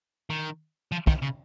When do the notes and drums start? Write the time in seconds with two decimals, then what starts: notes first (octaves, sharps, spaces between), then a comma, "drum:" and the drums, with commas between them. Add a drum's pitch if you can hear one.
0.30 D#3
0.92 F3
1.07 D#3, drum: kick
1.22 C#3